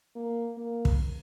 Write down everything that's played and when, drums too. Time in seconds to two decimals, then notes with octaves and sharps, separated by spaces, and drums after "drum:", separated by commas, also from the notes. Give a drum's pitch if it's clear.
0.15 A#3
0.57 A#3
0.85 drum: kick